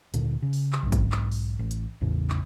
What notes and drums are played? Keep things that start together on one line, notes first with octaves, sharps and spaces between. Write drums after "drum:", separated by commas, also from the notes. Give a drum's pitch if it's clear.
D2 A#2 D3, drum: hi-hat
C#3
drum: open hi-hat
drum: clap
B1 G#2
drum: kick, hi-hat
drum: clap
drum: open hi-hat
A1
drum: hi-hat
A1 E2 A2 C#3
drum: clap